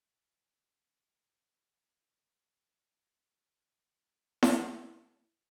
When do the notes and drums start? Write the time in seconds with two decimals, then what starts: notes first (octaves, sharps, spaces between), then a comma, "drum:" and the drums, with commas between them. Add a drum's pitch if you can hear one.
0.18 E2 D3 E3
1.41 A#4
3.49 D4
3.93 G#4
4.43 drum: snare E4